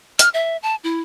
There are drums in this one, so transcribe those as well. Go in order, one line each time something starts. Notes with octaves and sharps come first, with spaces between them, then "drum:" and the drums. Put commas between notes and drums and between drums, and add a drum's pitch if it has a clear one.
F6, drum: hi-hat
E5
A5
E4